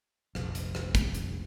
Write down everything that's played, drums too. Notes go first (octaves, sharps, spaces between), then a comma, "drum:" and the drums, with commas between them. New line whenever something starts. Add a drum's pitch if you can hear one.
F1 A#1, drum: rim click
drum: hi-hat
drum: rim click
drum: kick, hi-hat
drum: hi-hat